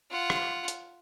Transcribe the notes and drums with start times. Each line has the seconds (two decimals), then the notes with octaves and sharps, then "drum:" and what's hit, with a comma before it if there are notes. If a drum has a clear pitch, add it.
0.11 F4 F#5
0.30 drum: rim click
0.68 drum: hi-hat